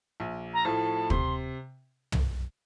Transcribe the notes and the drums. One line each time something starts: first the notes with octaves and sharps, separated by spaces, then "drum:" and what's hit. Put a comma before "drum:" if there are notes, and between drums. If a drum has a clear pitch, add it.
A#1
A#5
A2 F3 A3 A5
C3 C6, drum: kick
drum: tom